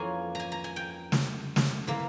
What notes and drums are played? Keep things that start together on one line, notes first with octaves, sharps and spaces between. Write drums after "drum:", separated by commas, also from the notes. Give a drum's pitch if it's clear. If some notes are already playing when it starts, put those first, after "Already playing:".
Already playing: F2 E3 A#3 C#4 G#5 A#5
G#5 A#5
A#5
G#5
G5
drum: snare
drum: snare
E3 A#3